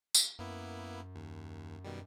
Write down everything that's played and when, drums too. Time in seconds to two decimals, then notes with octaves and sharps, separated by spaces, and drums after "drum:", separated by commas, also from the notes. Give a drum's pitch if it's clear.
0.15 drum: tambourine
0.39 F#2 A#3 B3 E4
1.15 D#2
1.84 B2 D#3 G3